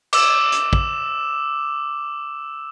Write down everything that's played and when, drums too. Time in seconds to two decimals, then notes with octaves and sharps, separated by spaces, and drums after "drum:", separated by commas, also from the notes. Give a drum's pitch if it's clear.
0.13 D6 E6 E7, drum: cymbal
0.52 drum: hi-hat
0.73 drum: kick